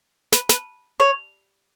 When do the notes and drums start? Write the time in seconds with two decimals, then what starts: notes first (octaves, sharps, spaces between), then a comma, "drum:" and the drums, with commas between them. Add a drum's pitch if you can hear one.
0.32 B4, drum: snare
0.49 B4, drum: snare
1.00 C#5